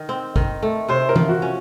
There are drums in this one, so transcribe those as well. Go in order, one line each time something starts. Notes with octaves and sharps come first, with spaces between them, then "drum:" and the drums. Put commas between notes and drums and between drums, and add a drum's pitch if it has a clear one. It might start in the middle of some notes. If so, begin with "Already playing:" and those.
Already playing: D#3
C4
D#3, drum: kick
A3
C3 C5
A#4
F3, drum: tom E3
F#4
C#4